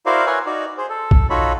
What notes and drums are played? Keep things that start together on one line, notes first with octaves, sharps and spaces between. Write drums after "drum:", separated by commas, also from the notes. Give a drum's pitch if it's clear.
E4 F#4 A#4 C5 D5 F5
A#4 B4 C#5 E5 F#5 G#5
D#4 F#4 D5
G#4 C5
A4
drum: kick A#1
D#4 F4 F#4 A4 C#5 B5